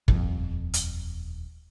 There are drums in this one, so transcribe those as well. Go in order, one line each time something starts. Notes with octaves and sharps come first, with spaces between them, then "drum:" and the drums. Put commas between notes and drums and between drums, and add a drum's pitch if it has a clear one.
D#1 F2, drum: kick
drum: hi-hat